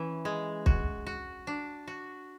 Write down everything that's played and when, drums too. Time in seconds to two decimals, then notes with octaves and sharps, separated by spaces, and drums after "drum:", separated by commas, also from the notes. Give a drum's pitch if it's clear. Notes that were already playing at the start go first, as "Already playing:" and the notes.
Already playing: E3 C#4
0.25 G#3
0.66 F#4, drum: kick
1.06 F#4
1.47 D4
1.87 F#4